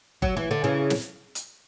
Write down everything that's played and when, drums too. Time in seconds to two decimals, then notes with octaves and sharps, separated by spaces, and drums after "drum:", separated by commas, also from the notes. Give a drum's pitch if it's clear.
0.22 F#3, drum: kick F#1
0.37 E3
0.51 D3
0.64 C#3 E3
0.90 drum: snare
1.35 drum: hi-hat